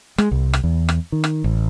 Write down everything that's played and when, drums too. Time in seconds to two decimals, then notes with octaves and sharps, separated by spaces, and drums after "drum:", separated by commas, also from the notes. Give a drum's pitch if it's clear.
0.18 G#3, drum: rim click
0.32 C2
0.53 drum: rim click
0.64 E2
0.89 drum: rim click
1.12 D#3
1.24 drum: rim click
1.44 A1